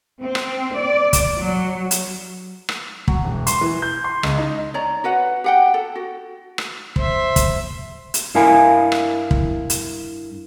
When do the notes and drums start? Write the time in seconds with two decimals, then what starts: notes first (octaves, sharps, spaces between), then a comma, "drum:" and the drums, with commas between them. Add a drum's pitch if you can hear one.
0.22 C4
0.35 drum: rim click
0.78 D5
1.13 drum: kick, hi-hat
1.37 F#3
1.91 drum: hi-hat
2.69 drum: rim click
3.08 F#3, drum: kick
3.24 E1
3.47 C6, drum: hi-hat
3.61 E3
3.82 G6
4.04 C6
4.23 C#2, drum: rim click
4.38 D#4
4.74 C#5 D5 A#5
5.04 F#4 B4 F#5
5.44 G4 F#5 G5
5.74 A4
5.96 F#4
6.58 drum: rim click
6.96 C5 E5, drum: kick
7.36 drum: kick, hi-hat
8.14 drum: hi-hat
8.35 G2 E4 A#4 F5 G#5 B5
8.92 drum: rim click
9.31 drum: kick
9.70 drum: hi-hat